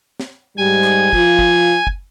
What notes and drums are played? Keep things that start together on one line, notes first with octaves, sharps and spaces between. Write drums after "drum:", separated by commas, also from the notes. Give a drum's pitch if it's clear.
drum: snare
G#2 G3 G#5
drum: clap
F3 F4, drum: kick
drum: kick
drum: kick